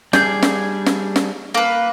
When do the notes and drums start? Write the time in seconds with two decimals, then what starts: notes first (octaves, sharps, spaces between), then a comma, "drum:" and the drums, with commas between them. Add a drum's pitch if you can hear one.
0.13 G3 D4 G#4 G6, drum: snare
0.43 drum: snare
0.86 drum: snare
1.16 drum: snare
1.54 A#3 B4